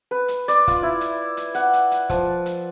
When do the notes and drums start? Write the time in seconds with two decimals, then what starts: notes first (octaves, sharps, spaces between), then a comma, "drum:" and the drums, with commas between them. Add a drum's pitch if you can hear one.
0.11 B4
0.28 drum: hi-hat
0.48 D5, drum: hi-hat
0.68 F4, drum: kick, hi-hat
0.83 E4
1.01 drum: hi-hat
1.37 drum: hi-hat
1.55 F#5, drum: hi-hat
1.73 drum: hi-hat
1.91 drum: hi-hat
2.10 F3, drum: kick, hi-hat
2.46 drum: hi-hat